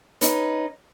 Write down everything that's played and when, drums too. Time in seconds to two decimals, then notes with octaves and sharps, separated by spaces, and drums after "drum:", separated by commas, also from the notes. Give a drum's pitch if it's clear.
0.21 C#4 D#4 B4, drum: hi-hat